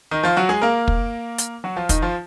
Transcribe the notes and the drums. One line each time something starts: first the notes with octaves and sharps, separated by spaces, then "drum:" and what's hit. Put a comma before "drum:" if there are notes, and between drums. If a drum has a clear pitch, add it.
D#3 D#4
F3 F4
F#3 F#4
G#3 G#4
A#3 A#4
drum: kick
drum: hi-hat
F#3 F#4
F3 F4
D#3 D#4, drum: kick, hi-hat
F3 F4